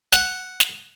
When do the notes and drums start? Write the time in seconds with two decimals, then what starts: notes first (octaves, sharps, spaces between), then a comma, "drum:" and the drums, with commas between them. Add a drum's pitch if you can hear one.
0.13 F#5, drum: snare
0.60 drum: snare